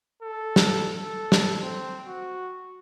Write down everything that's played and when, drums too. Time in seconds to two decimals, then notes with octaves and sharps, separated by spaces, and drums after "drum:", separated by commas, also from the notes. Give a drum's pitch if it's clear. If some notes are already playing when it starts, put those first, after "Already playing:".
0.23 A4
0.56 drum: snare
0.97 A4
1.32 drum: snare
1.63 C4
2.07 F#4